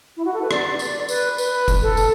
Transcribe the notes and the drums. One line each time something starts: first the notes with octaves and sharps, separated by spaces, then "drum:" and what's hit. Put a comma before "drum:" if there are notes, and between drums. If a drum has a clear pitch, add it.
E4
F#4
A4
B4
D5, drum: rim click
D5, drum: tambourine
B4, drum: tambourine
B4, drum: tambourine
drum: kick F#1, tambourine
A4
drum: tambourine